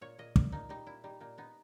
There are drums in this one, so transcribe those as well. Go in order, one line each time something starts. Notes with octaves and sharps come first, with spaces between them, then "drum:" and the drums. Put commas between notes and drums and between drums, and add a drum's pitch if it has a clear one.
A#2 C#5
A#2 D#5
A#2, drum: kick
A#2 D#4
G3 D#4
A#2 E4
G3 D#4
A#2 D#4
B3 D#4